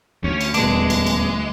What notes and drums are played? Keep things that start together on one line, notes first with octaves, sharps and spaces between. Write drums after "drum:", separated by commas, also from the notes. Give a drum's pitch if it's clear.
D2 C#4
drum: cymbal
D#1 E2 G#3 B3 D4, drum: cymbal
drum: cymbal
drum: cymbal